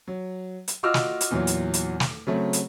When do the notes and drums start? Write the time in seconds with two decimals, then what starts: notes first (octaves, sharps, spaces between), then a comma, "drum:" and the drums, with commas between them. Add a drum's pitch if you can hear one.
0.08 F#3
0.68 drum: hi-hat
0.83 F4 F#4 D#5 D6 E6 F6
0.94 drum: snare
1.21 drum: hi-hat
1.31 E2 A#2 E3 F#3
1.47 drum: hi-hat
1.74 drum: hi-hat
2.00 drum: snare
2.27 C#3 F#3 A3 C4
2.53 drum: hi-hat